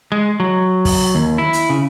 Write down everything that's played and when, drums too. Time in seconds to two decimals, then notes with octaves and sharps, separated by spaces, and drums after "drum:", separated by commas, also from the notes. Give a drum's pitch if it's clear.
0.12 G#3
0.40 F#3
0.85 drum: kick, open hi-hat
1.15 D#2
1.38 E4
1.53 drum: hi-hat
1.69 C#3